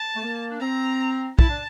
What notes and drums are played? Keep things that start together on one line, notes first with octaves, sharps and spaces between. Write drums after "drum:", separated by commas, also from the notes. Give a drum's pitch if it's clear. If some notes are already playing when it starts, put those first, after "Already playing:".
Already playing: A5
A3
A#3
D4
C4 A#5
E4 A5, drum: kick
D4